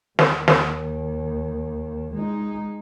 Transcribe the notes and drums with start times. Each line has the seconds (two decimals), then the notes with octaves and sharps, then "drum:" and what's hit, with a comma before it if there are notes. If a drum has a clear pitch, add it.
0.19 D#2, drum: snare
0.48 drum: snare
2.14 G#3 D#4